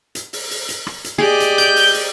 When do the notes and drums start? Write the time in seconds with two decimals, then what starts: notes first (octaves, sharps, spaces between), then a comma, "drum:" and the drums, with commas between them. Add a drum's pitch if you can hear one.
0.15 drum: hi-hat
0.33 drum: open hi-hat
0.51 drum: open hi-hat
0.69 drum: hi-hat
0.87 drum: rim click
1.04 drum: hi-hat
1.18 G4 G#4 D5 D#5
1.40 drum: hi-hat
1.58 G6, drum: hi-hat
1.76 drum: open hi-hat
1.94 drum: open hi-hat